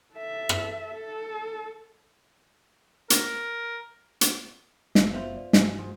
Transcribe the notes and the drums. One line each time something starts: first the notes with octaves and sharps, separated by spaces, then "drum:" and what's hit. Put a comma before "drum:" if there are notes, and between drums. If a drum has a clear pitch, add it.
A4 E5
drum: rim click
A4
A#4, drum: hi-hat
drum: hi-hat
F#1 F#2 B2 E6, drum: snare
B3 F4 C5 E5
D5
G2 F#3 G#5, drum: snare
G#2 F3